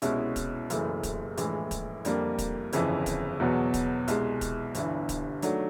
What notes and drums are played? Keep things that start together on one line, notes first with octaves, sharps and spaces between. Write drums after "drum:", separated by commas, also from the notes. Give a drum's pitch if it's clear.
C2 B2 G#3 C#4 E4, drum: hi-hat
drum: kick, hi-hat
F#1 F#2 C#3 E3 A3, drum: hi-hat
drum: kick, hi-hat
A#1 A2 E3 G#3, drum: hi-hat
drum: kick, hi-hat
F2 D3 G3 A#3, drum: hi-hat
drum: kick, hi-hat
G1 F2 C#3 E3, drum: hi-hat
drum: kick, hi-hat
E2 B2 F#3 B3
drum: kick, hi-hat
C2 B2 G#3, drum: hi-hat
drum: kick, hi-hat
G1 G2 E3, drum: hi-hat
drum: kick, hi-hat
D#3 F#3 A3 D4, drum: hi-hat